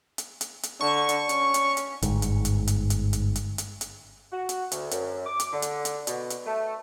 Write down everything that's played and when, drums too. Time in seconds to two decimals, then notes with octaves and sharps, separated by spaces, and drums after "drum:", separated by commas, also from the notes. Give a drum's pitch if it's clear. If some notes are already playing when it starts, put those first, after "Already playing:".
0.18 drum: hi-hat
0.41 drum: hi-hat
0.63 drum: hi-hat
0.81 D3 C#6
1.09 drum: hi-hat
1.29 C#4, drum: hi-hat
1.54 drum: hi-hat
1.77 drum: hi-hat
2.02 G1 G#2, drum: hi-hat
2.22 drum: hi-hat
2.45 drum: hi-hat
2.67 drum: hi-hat
2.90 drum: hi-hat
3.13 drum: hi-hat
3.36 drum: hi-hat
3.58 drum: hi-hat
3.81 drum: hi-hat
4.32 F#4
4.49 drum: hi-hat
4.72 D2, drum: hi-hat
4.91 F#2, drum: hi-hat
5.26 D6
5.40 drum: hi-hat
5.53 D3
5.62 drum: hi-hat
5.85 drum: hi-hat
6.07 B2, drum: hi-hat
6.30 drum: hi-hat
6.46 A3